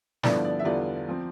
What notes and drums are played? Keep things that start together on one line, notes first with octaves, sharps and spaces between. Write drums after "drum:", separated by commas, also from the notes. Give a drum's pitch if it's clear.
G2 D3 F3 B3 E4 D5, drum: snare
D5
E5
E2 D3 G3 B3 F4 D5
F3 C4